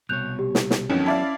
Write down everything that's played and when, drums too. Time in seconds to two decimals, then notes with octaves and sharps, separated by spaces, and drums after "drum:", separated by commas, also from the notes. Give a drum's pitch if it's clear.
0.09 C2 B2 C#5 F#6 G6 F7
0.39 G4
0.55 drum: snare
0.71 drum: snare
0.90 F2 D#3 E3 F#3 B3 C#4 A4
1.06 E4 D5 E5 F5 A5